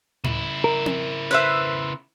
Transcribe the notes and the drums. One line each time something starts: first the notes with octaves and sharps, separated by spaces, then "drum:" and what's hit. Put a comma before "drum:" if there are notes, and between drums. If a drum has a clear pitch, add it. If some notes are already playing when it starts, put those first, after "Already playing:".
C#3 E4, drum: tom A2
A#4
drum: tom C4
B4 C5 E5